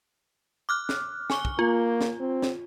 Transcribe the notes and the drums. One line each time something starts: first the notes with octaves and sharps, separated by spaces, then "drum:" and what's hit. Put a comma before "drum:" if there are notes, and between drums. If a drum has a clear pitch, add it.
D6 F6 F#6
drum: snare
G#5 C#6 G7, drum: snare
drum: kick
A#3 F4
drum: snare
C4
drum: snare